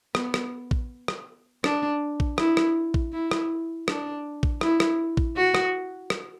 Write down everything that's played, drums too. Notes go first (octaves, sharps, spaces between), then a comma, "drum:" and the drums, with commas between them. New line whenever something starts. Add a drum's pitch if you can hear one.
B3, drum: rim click
drum: rim click
drum: kick A#1
drum: rim click
D4, drum: rim click
drum: kick A#1
E4, drum: rim click
drum: rim click
drum: kick A#1
E4
drum: rim click
D4, drum: rim click
drum: kick A#1
E4, drum: rim click
drum: rim click
drum: kick A#1
F#4
drum: rim click
drum: rim click